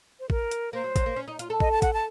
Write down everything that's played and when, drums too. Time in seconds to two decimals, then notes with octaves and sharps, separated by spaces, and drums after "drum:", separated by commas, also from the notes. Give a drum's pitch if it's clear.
0.20 C5
0.30 A#4, drum: kick
0.51 drum: hi-hat
0.73 A#3 C5
0.84 F#3
0.96 F#3, drum: kick, hi-hat
1.06 A#3
1.16 C#4
1.28 D#4
1.39 F4, drum: hi-hat
1.50 A4
1.60 D#5, drum: kick
1.72 A5
1.82 F#5, drum: kick, hi-hat
1.93 A5